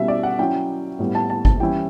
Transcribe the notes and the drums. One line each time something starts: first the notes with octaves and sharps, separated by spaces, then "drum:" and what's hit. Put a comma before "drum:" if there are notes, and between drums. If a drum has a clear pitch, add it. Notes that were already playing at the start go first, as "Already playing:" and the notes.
Already playing: B2 G3 C#4 E4 E5
D5
F#5
F#3 C#4 E4 G5
A2 G3 B3
A5
A5
A5, drum: kick G#1
E3 G3 C#4 E4 G5